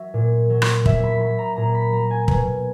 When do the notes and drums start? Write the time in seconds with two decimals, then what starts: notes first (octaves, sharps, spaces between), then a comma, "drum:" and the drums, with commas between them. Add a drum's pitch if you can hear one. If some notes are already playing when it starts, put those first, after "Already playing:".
Already playing: F#3 E5
0.14 A#2
0.50 F#3
0.62 drum: rim click
0.86 A#2 E5, drum: kick
1.03 B5
1.20 F#3 B5
1.38 A#5
1.56 A#2 A#5
1.74 B5
1.92 F#3 A#5
2.10 G#5
2.28 B2 G#5, drum: kick